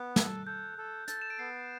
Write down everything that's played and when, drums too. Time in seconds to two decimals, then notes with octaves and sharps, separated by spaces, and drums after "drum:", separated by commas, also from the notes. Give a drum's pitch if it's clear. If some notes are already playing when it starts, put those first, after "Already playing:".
Already playing: B3 F#6
0.16 A4, drum: snare
0.47 A4 G6
0.78 A4
1.08 A4 A6, drum: hi-hat
1.22 E7
1.30 D7
1.39 B3 C7